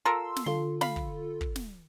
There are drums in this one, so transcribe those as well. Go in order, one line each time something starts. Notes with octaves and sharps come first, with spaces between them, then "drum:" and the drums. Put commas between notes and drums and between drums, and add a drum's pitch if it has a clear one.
F4 A4 A#4 C6 E6
drum: snare
D3 F4 A4 C6
F5 B5, drum: snare
drum: kick
drum: kick
drum: snare